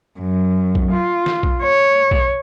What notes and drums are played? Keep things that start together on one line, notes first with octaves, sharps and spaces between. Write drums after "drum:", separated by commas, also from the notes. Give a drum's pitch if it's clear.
F#2
drum: kick
F4
drum: snare
drum: kick
C#5
drum: kick